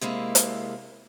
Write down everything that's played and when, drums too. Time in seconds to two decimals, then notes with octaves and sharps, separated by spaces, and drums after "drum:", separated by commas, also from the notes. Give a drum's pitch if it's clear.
0.01 C3 G#3 A#3 E4
0.35 drum: hi-hat